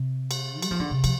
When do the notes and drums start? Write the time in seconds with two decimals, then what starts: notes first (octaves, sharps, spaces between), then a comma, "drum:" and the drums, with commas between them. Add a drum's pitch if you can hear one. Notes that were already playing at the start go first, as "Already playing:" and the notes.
Already playing: C3
0.31 drum: cymbal
0.62 G3, drum: cymbal
0.71 F3
0.80 D3
0.90 C3
1.04 F3, drum: cymbal